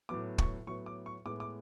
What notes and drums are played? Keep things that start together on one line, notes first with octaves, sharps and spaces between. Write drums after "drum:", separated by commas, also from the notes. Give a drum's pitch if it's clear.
A2 F#3 B3 D6
C#6, drum: kick
A2 F#3 B3 C#6
D6
C#6
A2 G#3 B3 D6
D6